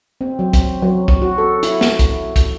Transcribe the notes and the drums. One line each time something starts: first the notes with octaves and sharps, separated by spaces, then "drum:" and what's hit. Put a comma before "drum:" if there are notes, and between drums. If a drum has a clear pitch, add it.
C4
F#3
drum: kick, hi-hat
F#3
drum: kick
F#4
A4
E4, drum: hi-hat
drum: snare
drum: kick, hi-hat
drum: kick, hi-hat